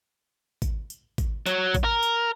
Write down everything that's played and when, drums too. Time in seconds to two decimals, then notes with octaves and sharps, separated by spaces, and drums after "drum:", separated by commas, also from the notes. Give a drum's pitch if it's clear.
0.62 drum: kick, tambourine
0.90 drum: tambourine
1.18 drum: kick, tambourine
1.46 F#3, drum: tambourine
1.75 drum: kick, tambourine
1.84 A#4
2.03 drum: tambourine